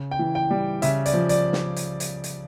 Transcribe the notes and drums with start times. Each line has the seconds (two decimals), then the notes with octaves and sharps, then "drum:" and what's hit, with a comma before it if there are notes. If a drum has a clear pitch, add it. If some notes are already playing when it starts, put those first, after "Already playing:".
Already playing: C#3
0.11 G5
0.19 E3
0.35 G5
0.51 G3
0.82 C#3 E5, drum: hi-hat
1.06 D5, drum: hi-hat
1.13 F3
1.29 D5, drum: hi-hat
1.53 drum: snare
1.76 drum: hi-hat
2.00 drum: hi-hat
2.24 drum: hi-hat